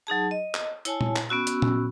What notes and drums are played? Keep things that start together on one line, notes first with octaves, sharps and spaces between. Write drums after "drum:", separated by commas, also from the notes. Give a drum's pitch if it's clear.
F#3 D#4 G#4 A5
D#5
drum: clap
E4 C#5 G#5 A5, drum: hi-hat
drum: tom A#2
drum: clap
B3 C#4 F#4 E6
drum: hi-hat
drum: tom A#2